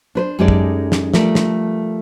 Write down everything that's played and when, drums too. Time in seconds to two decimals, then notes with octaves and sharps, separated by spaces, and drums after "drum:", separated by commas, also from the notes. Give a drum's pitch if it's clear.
0.15 D4 B4 C5
0.39 F#2 G#3 D#4 G4 A4 D5
0.48 drum: kick
0.92 drum: snare
1.14 F3 G3 A3 A#4 D5, drum: snare
1.35 drum: snare